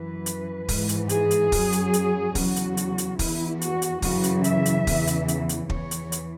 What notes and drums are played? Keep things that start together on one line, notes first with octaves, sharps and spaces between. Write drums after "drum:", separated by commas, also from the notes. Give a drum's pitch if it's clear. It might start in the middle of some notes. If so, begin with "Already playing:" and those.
Already playing: F#2 E3 B4
drum: hi-hat
G#2 E3, drum: kick, open hi-hat
drum: hi-hat
G#4, drum: hi-hat
drum: hi-hat
F#2 F#3, drum: kick, open hi-hat
drum: hi-hat
drum: hi-hat
E2 C#3 F#3 F#4, drum: kick, open hi-hat
drum: hi-hat
drum: hi-hat
drum: hi-hat
E2 E3 E4, drum: kick, open hi-hat
F#4, drum: hi-hat
drum: hi-hat
F#2 C#3 E3 F#4, drum: kick, open hi-hat
drum: hi-hat
E5, drum: hi-hat
drum: hi-hat
E2 C#3 E3, drum: kick, open hi-hat
drum: hi-hat
drum: hi-hat
drum: hi-hat
E2 E3 C#5, drum: kick
drum: hi-hat
drum: hi-hat